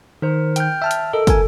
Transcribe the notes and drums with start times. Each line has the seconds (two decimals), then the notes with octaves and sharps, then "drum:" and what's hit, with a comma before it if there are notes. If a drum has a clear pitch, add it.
0.22 D#3 A#4 C5
0.56 G5 F6 G6, drum: hi-hat
0.82 E5 A5 E6 F6
0.91 drum: hi-hat
1.13 A4 A#4 D#5
1.27 A#4 G#5, drum: kick, hi-hat